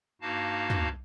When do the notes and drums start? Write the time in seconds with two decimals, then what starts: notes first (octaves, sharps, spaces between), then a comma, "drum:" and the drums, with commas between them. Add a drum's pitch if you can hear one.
0.21 G2 A#3 D#4 F#4 F5 A5
0.70 drum: tom